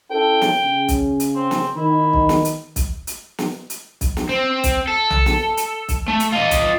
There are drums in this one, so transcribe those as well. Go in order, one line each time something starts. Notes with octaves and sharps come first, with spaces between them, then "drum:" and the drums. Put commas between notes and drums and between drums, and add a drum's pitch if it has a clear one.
C#4 E4 A4 G5
drum: snare
C#3 C#4
drum: kick B1, hi-hat
drum: hi-hat
C4
drum: snare
D#3 E4
drum: kick B1
drum: snare
drum: hi-hat
drum: kick B1, hi-hat
drum: hi-hat
drum: snare
drum: hi-hat
drum: kick B1, hi-hat
drum: snare
C4
drum: kick B1, hi-hat
A4
drum: tom B1
drum: snare
drum: hi-hat
drum: kick B1, hi-hat
A3
drum: hi-hat
F4 D#5
drum: kick B1, hi-hat